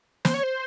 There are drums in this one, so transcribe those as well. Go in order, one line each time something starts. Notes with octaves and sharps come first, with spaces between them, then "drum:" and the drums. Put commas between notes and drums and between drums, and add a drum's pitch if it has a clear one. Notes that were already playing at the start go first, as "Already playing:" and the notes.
C5, drum: snare
C#5
C5